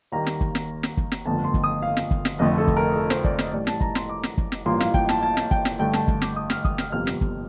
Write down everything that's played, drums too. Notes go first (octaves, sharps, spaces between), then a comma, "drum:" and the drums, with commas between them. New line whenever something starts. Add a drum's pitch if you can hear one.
D#2 D#3 G3 A#3 A#5
drum: snare
drum: kick
drum: snare
drum: snare
drum: kick
drum: snare
G1 F2 D3 A3 A5
C6
drum: kick
D#6
F5
drum: snare
drum: kick
drum: snare
F1 F2 D3 A3 D#5
A4
drum: kick
A#4
A4
C5, drum: snare
D5, drum: kick
D#5, drum: snare
A1 A2 G3 D5
A5, drum: snare
A#5, drum: kick
C6, drum: snare
D6
drum: snare
drum: kick
drum: snare
A1 G2 F3 A#3 C6
F5, drum: snare
G5, drum: kick
A5, drum: snare
A5
drum: snare
G5, drum: kick
drum: snare
G2 D3 A3 G5
A5, drum: snare
drum: kick
D6, drum: snare
D#6
F6, drum: snare
D#6, drum: kick
F6, drum: snare
G1 F2 C3 G3 A#3 F6
drum: snare
drum: kick